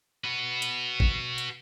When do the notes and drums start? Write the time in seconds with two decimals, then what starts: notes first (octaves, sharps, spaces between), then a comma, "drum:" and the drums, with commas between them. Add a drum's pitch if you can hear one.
0.24 F#4 B4
0.62 drum: hi-hat
1.00 drum: kick
1.38 drum: hi-hat